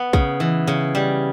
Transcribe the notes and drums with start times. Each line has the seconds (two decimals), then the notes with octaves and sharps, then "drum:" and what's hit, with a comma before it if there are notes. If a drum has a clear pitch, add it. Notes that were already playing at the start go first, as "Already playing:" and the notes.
Already playing: B3
0.13 C#3, drum: kick
0.40 E3
0.67 C#3
0.95 G3